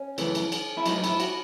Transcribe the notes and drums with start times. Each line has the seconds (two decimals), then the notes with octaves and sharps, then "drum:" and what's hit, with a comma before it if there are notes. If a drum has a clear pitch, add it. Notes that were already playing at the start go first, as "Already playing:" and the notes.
Already playing: C#4
0.18 F#2 C#3 E3 A3, drum: cymbal
0.35 drum: cymbal
0.52 drum: cymbal
0.77 E4
0.86 G#2 F#3 A3 D#4, drum: cymbal
1.04 E4, drum: cymbal
1.20 F#4, drum: cymbal